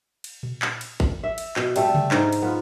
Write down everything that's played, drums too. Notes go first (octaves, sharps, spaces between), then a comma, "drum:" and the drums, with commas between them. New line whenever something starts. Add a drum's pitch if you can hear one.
drum: cymbal
drum: tom A#2
drum: clap
drum: cymbal
drum: kick G#1
E5
drum: cymbal
B2, drum: clap
G3 A3 A4, drum: cymbal
drum: tom C3
G#2 D#4, drum: clap
drum: cymbal
B3 F4